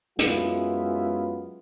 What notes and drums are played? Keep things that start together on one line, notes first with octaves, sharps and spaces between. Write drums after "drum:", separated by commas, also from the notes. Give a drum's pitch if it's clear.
F#2 G#3 B3 E4 F4, drum: hi-hat